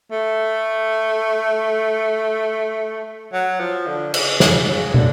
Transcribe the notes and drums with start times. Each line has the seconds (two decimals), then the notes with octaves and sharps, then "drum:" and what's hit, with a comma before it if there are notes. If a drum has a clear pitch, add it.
0.12 A3
3.33 F#3
3.60 F3
3.87 D3
4.14 C#3, drum: cymbal
4.40 C#3, drum: snare
4.67 C#3
4.94 D3, drum: tom